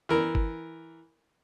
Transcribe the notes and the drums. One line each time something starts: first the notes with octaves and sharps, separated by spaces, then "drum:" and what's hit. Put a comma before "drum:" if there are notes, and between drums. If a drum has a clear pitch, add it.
E3 A#4
drum: kick G1